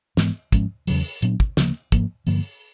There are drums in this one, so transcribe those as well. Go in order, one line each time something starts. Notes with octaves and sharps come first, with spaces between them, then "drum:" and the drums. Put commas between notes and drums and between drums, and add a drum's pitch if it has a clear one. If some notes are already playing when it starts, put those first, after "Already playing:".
G#2 E3 G#3 B3, drum: snare
G#2 F3 G#3 C#4, drum: kick, hi-hat
E2 C#3 F#3, drum: open hi-hat
A#2 F#3 B3 D4, drum: hi-hat
drum: kick
D2 C#3 F3 A#3, drum: snare
G#2 F3 A#3, drum: kick, hi-hat
G2 D3 F3 A#3, drum: open hi-hat